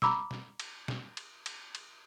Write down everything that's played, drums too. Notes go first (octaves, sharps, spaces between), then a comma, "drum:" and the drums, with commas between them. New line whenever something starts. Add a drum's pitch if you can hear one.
A#5 B5 D6 E6, drum: snare
drum: snare
drum: cymbal
drum: snare
drum: cymbal
drum: cymbal
drum: cymbal